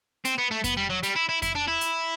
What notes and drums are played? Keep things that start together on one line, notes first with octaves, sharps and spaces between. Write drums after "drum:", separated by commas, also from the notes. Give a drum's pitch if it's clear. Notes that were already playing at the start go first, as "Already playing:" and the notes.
C4, drum: hi-hat
B3
A3
B3, drum: kick F2, hi-hat
G3
F#3
G3, drum: hi-hat
E4
E4
E4, drum: kick F2, hi-hat
D4
E4
drum: hi-hat